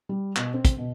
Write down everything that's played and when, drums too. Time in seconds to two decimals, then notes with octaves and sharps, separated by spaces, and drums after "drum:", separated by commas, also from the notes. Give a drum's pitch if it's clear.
0.09 G3
0.36 B2, drum: clap
0.54 C4
0.65 drum: kick, hi-hat
0.78 B2